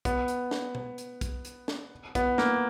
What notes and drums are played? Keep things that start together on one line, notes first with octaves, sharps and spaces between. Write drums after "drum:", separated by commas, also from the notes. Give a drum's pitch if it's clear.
B3, drum: kick, hi-hat
drum: hi-hat
drum: snare
drum: tom B2
drum: hi-hat
drum: kick, hi-hat
drum: hi-hat
drum: snare
B3, drum: kick, hi-hat
A#3, drum: snare